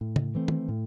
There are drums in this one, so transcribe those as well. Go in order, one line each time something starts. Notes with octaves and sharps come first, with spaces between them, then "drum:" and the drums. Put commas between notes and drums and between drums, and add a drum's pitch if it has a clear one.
A2
drum: tom C#3
E3 A3 C4
drum: tom
A2